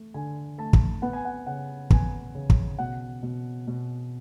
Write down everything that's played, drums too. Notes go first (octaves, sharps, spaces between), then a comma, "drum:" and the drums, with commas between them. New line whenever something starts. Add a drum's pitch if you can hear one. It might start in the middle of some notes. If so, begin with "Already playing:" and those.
Already playing: A3
D3 G#5
A3 A5
drum: kick
B3 F#5
G#5
F#5
C#3 F#5
B3 G#5, drum: kick
C#3
drum: kick
B2 F#5
B2
B2